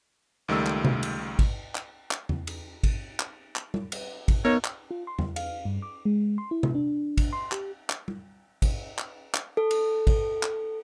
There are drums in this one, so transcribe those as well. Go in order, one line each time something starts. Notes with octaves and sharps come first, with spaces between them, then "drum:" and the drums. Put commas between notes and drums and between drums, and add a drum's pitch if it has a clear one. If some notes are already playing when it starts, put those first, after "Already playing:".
C#2 D#3 G3 A3 E6
drum: clap
drum: tom C3
drum: cymbal
drum: kick G#1, cymbal
drum: clap
drum: clap
drum: tom E2
drum: cymbal
drum: kick G#1, cymbal
drum: clap
drum: clap
drum: tom G3
drum: cymbal
drum: kick G#1, cymbal
B3 D#4 A#4 C#5
drum: clap
F4
C6
drum: tom E2
F5, drum: cymbal
G2
D6
G#3
C6
E4
drum: tom C3
D4
drum: kick G#1, cymbal
C6
G4, drum: clap
drum: clap
drum: tom G3
drum: kick G#1, cymbal
drum: clap
drum: clap
A4
drum: cymbal
drum: kick G#1, cymbal
drum: clap